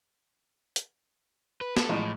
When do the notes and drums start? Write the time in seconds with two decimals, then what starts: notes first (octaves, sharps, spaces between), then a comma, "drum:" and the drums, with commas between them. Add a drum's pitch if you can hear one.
0.76 drum: hi-hat
1.61 B4
1.77 A4, drum: snare
1.89 A1 A2 F3 G#3